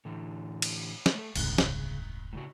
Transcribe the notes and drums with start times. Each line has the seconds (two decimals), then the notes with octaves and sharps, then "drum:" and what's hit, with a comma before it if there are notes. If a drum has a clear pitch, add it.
0.05 A2 D3 E3
0.62 drum: cymbal
1.06 drum: snare
1.15 A3 A4
1.35 D#1 C2 G#2 C#3, drum: cymbal
1.58 drum: snare
2.33 A2 C#3 F#4